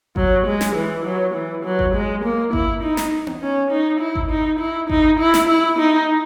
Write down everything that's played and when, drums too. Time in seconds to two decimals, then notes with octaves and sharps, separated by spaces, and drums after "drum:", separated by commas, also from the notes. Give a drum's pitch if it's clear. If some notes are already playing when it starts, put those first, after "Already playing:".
0.16 F#3, drum: kick G#1
0.46 G#3
0.61 drum: snare
0.75 E3
1.05 F#3
1.34 E3
1.65 F#3
1.79 drum: kick G#1
1.94 G#3
2.24 A#3
2.53 E4, drum: kick G#1
2.83 D#4
2.97 drum: snare
3.27 drum: tom B3
3.42 C#4
3.71 D#4
4.00 E4
4.15 drum: kick G#1
4.30 D#4
4.59 E4
4.90 D#4, drum: kick G#1
5.20 E4
5.34 drum: snare
5.48 E4
5.78 D#4